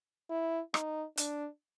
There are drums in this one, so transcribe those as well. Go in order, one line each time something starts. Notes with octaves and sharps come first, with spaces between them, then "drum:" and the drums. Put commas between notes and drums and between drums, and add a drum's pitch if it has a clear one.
E4
D#4, drum: rim click
D4, drum: hi-hat